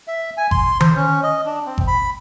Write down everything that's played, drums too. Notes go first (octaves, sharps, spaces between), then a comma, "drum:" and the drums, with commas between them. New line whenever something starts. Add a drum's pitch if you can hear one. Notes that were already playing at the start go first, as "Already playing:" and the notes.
E5
G#5
C6, drum: kick G#1
C5, drum: tom D#3
C#4
D#5
D4
C4
drum: kick G#1
B5